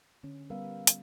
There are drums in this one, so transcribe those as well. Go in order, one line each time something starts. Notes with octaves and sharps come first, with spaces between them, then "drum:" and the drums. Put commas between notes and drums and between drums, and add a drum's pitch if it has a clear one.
D3 C#4
G3 B3 A#4 B4 F5
drum: hi-hat